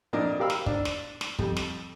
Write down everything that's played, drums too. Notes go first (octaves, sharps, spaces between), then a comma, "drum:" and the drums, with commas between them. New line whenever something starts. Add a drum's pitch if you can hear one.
F2 A#2 D4 A#4 D#5
G4 A#4 F5 B5 E6
drum: snare
D4, drum: kick
drum: snare
drum: snare
F2 G3, drum: kick
drum: snare